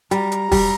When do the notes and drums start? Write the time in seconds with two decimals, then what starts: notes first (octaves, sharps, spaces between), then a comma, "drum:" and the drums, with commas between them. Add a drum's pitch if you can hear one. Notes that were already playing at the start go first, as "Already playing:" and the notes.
0.11 G3 A#5, drum: hi-hat
0.32 drum: hi-hat
0.52 G3, drum: kick E1, open hi-hat